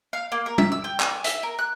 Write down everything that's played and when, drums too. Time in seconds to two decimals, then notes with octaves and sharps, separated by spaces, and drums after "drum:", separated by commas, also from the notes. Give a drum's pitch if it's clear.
0.13 F5
0.32 A#3
0.46 A#4
0.58 E5, drum: tom G3
0.72 E6
0.84 G5
1.00 G#5, drum: clap
1.24 E5, drum: hi-hat
1.43 A#4
1.59 F#6